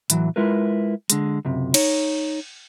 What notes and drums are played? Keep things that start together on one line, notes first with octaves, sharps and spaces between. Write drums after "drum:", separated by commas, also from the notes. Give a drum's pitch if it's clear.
A2 E3 F#3, drum: hi-hat
G#3 E4 F4 A#4 B4
D3 G#3, drum: hi-hat
C#2 F#2 C3
D#4 C#5, drum: cymbal